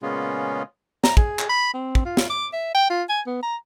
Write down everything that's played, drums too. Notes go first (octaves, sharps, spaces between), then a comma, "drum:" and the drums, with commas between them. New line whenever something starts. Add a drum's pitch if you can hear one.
A#2 C#3 G#3 B3 C#4 F4
A#5, drum: snare
G#4, drum: kick
drum: clap
B5
C4
drum: kick
F4
drum: snare
D6
E5
G5
F4
G#5
B3
A#5